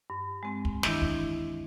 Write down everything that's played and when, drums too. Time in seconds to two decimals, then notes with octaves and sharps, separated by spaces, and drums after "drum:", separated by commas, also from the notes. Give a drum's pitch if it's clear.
0.10 G2
0.43 G#3 C4
0.65 drum: kick
0.83 D#3 E3 D4 E4, drum: snare
1.02 drum: kick